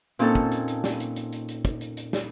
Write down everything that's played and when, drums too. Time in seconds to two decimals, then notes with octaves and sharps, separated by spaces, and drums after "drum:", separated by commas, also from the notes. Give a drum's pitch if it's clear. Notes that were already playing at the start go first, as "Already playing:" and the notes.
0.19 A#2 C4 C#4 D#4 A4 A5, drum: hi-hat
0.35 drum: kick
0.52 drum: hi-hat
0.68 drum: hi-hat
0.84 drum: snare
1.00 drum: hi-hat
1.16 drum: hi-hat
1.32 drum: hi-hat
1.49 drum: hi-hat
1.65 drum: kick, hi-hat
1.81 drum: hi-hat
1.97 drum: hi-hat
2.13 drum: snare